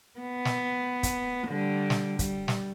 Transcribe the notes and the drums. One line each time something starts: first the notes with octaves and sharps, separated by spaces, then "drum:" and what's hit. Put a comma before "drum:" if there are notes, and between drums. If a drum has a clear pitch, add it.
B3
drum: snare
drum: kick, hi-hat
D3 G3
drum: snare
G3, drum: kick, hi-hat
drum: snare